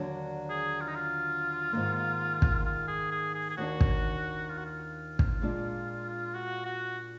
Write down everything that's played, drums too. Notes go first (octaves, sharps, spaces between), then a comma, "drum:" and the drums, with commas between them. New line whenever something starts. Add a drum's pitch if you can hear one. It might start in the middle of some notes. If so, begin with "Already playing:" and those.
Already playing: D#2 D3 F#3 D4
G#4
F4
D#4
F4
G#2 D#3 A#3
drum: kick
F4
G#4
G#4
G#4
G#4
D#2 D#3 A#3 D4 F#4
drum: kick
F4
F#4
F4
drum: kick
A#2 G#3 D4
F#4
F#4